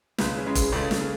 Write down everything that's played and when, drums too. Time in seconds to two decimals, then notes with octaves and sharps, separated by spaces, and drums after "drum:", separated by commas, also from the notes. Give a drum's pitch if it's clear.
0.18 C#2 G#4 B4, drum: snare
0.37 C#4 E4
0.46 C#3 G#3
0.55 G#4 B4, drum: kick F1, hi-hat
0.72 C#2 A4 C#5
0.91 drum: snare
1.00 C#3